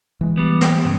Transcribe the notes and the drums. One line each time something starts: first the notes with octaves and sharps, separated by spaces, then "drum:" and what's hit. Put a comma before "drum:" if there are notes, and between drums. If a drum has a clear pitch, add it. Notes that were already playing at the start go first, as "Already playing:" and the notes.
E3 G#3
G3 B3
drum: snare
G2 C#3